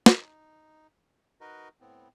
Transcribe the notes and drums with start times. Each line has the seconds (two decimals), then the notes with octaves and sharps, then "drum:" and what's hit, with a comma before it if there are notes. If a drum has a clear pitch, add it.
0.06 D#4, drum: snare
1.41 D#4 F#4 A#4 B4 D#5
1.81 A2 B3 C4